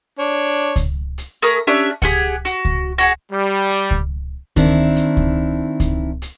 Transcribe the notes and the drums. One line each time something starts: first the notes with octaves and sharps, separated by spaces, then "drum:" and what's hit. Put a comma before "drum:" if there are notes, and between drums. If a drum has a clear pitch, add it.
D4 C#5
drum: kick C#2, hi-hat
drum: hi-hat
A3 G#4 A#4 D#6
C#4 D4 G4 E5
G4 G#4 F#5, drum: kick C#2, hi-hat
F#4, drum: hi-hat
drum: kick C#2
F#4 G#4 F#5
G3
drum: hi-hat
drum: kick C#2
D#3 C4 D4 E4, drum: kick C#2, hi-hat
drum: hi-hat
drum: kick C#2
drum: kick C#2, hi-hat
drum: hi-hat